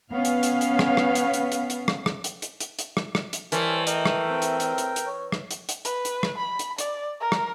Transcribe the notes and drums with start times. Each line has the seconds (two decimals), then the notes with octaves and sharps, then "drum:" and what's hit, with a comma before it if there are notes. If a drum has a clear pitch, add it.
0.12 B3 C#4 F5
0.25 drum: hi-hat
0.43 drum: hi-hat
0.61 drum: hi-hat
0.79 drum: rim click
0.97 drum: rim click
1.15 drum: hi-hat
1.34 drum: hi-hat
1.52 drum: hi-hat
1.70 drum: hi-hat
1.88 drum: rim click
2.06 drum: rim click
2.24 drum: hi-hat
2.42 drum: hi-hat
2.60 drum: hi-hat
2.79 drum: hi-hat
2.97 drum: rim click
3.15 drum: rim click
3.33 drum: hi-hat
3.52 E3 G3 A#4 C5 C#5 A5, drum: hi-hat
3.87 A3 A#4 D#5 G5, drum: hi-hat
4.06 drum: rim click
4.30 C4
4.42 drum: hi-hat
4.60 A2, drum: hi-hat
4.78 drum: hi-hat
4.96 drum: hi-hat
5.06 C#5
5.32 drum: rim click
5.51 drum: hi-hat
5.69 drum: hi-hat
5.85 B4, drum: hi-hat
6.05 drum: hi-hat
6.23 drum: rim click
6.38 B5
6.59 drum: hi-hat
6.78 D5, drum: hi-hat
7.20 A#4
7.32 drum: rim click